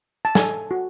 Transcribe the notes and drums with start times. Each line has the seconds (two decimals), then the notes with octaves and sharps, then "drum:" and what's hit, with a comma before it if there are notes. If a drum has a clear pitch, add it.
0.25 A5
0.35 A4 G#5, drum: snare
0.71 F#4